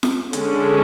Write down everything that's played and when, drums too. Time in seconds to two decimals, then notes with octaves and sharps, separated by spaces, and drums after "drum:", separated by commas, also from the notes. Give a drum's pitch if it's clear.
0.03 drum: snare F4
0.33 D3 G#3 C#4, drum: hi-hat